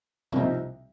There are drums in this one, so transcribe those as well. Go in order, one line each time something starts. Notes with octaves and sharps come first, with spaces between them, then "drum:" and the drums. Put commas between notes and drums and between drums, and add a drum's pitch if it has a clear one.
C2 C3 F3 C4 D#4, drum: tom B2